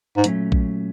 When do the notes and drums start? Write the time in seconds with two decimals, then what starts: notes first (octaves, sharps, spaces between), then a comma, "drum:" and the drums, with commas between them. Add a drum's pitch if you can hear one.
0.17 G#2
0.24 A#2 F#3 A3 C#4, drum: hi-hat
0.52 drum: kick